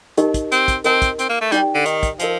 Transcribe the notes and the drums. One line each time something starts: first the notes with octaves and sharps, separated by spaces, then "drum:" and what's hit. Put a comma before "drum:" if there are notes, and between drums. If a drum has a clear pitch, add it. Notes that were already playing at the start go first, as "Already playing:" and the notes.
D#4 G4 A#4 D#5 A5, drum: hi-hat
drum: kick, hi-hat
C4, drum: hi-hat
drum: kick, hi-hat
C4 A#4 D#5 A5, drum: hi-hat
drum: kick, hi-hat
C4, drum: hi-hat
A#3
A3
G3 D#4 G4 D5 G5, drum: hi-hat
D3
D#3, drum: hi-hat
drum: kick, hi-hat
F3 A#4 D#5 A5, drum: hi-hat